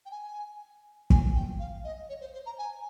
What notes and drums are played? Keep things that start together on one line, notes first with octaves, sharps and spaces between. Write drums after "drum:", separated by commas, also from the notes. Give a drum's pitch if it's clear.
G5
G#5
G#5, drum: kick
G5
F5
D#5
C#5
C5
C5
A#5
G#5